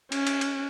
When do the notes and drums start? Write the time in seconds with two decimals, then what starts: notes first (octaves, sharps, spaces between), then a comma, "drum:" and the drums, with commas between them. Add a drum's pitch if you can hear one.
0.12 C#4, drum: cymbal
0.27 drum: cymbal
0.41 drum: cymbal